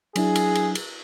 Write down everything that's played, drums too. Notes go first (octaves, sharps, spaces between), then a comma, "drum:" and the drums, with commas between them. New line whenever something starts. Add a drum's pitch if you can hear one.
F#3 D4 E4 G#4, drum: cymbal
drum: cymbal
drum: cymbal
drum: cymbal